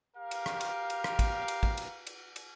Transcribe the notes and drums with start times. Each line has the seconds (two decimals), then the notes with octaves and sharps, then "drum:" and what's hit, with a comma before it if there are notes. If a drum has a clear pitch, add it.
0.17 G4 A#4 F5
0.31 drum: cymbal
0.46 drum: rim click
0.61 drum: cymbal
0.90 drum: cymbal
1.04 drum: rim click
1.19 drum: kick, cymbal
1.48 drum: cymbal
1.63 drum: kick
1.77 drum: cymbal
2.07 drum: cymbal
2.36 drum: cymbal